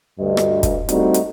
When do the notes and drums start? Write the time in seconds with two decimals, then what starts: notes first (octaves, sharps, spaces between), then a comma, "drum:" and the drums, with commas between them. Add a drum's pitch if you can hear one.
0.19 D2 G2 D#5
0.37 drum: rim click
0.63 drum: kick, hi-hat
0.89 G3 A3 C4 D4 D#4 F#4, drum: hi-hat
1.14 drum: hi-hat